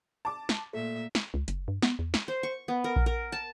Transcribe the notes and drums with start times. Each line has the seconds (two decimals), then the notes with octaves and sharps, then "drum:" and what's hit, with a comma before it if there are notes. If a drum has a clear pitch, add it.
0.25 A5 D6
0.49 drum: snare
0.73 A#2 A3 E5
1.15 drum: snare
1.34 C#2
1.48 F#1, drum: hi-hat
1.68 G2
1.82 B3, drum: snare
1.99 E2
2.14 drum: snare
2.28 C5
2.43 C#6
2.68 B3
2.84 A#4
2.96 drum: kick A#1
3.06 A#4
3.32 A5